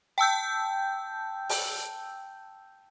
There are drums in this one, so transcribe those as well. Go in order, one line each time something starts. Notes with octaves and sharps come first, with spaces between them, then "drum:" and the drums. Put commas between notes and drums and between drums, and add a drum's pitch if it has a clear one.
G5 A5 E6 G6
drum: open hi-hat